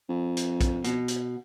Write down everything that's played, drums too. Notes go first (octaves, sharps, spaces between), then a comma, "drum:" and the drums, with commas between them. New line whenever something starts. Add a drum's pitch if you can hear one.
F2
drum: hi-hat
drum: kick, hi-hat
B2, drum: hi-hat
drum: hi-hat